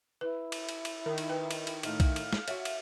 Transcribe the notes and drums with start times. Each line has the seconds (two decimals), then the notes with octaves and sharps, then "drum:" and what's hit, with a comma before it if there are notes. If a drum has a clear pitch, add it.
0.21 E4 B4
0.52 drum: cymbal
0.69 drum: cymbal
0.85 drum: cymbal
1.06 D#3 A#4
1.18 drum: cymbal
1.29 B4 G5
1.51 drum: cymbal
1.67 drum: cymbal
1.83 A2 D#4 E4 F5, drum: cymbal
2.00 drum: kick B1, cymbal
2.16 drum: cymbal
2.33 drum: snare
2.48 F#4 C#5 E5 F#5, drum: cymbal
2.65 drum: cymbal